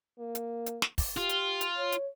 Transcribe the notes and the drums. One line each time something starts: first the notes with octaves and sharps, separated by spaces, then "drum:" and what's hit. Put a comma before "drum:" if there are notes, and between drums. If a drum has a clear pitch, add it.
A#3
drum: hi-hat
drum: hi-hat
drum: snare
drum: kick, open hi-hat
F4 G4
drum: hi-hat
drum: hi-hat
C#5
drum: hi-hat